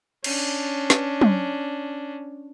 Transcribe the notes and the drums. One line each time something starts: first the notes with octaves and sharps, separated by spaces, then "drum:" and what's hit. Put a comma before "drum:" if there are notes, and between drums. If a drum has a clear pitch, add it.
C#4 D4, drum: cymbal
drum: snare
drum: tom F#3